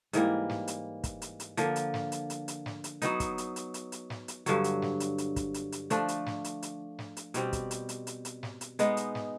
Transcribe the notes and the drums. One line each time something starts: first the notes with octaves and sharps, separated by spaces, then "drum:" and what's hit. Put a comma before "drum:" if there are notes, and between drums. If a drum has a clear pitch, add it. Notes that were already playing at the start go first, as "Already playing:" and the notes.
G#2 E3 G3 A#3, drum: hi-hat
drum: snare
drum: hi-hat
drum: kick, hi-hat
drum: hi-hat
drum: hi-hat
D3 F3 A#3, drum: hi-hat
drum: hi-hat
drum: snare
drum: hi-hat
drum: hi-hat
drum: hi-hat
drum: snare
drum: hi-hat
F#3 B3 D#4, drum: hi-hat
drum: kick, hi-hat
drum: hi-hat
drum: hi-hat
drum: hi-hat
drum: hi-hat
drum: snare
drum: hi-hat
G2 D3 F#3, drum: hi-hat
drum: hi-hat
drum: snare
drum: hi-hat
drum: hi-hat
drum: kick, hi-hat
drum: hi-hat
drum: hi-hat
F3 A3 D4, drum: hi-hat
drum: hi-hat
drum: snare
drum: hi-hat
drum: hi-hat
drum: snare
drum: hi-hat
B2 G3 C4, drum: hi-hat
drum: kick, hi-hat
drum: hi-hat
drum: hi-hat
drum: hi-hat
drum: hi-hat
drum: snare
drum: hi-hat
G#3 B3 D#4, drum: hi-hat
drum: hi-hat
drum: snare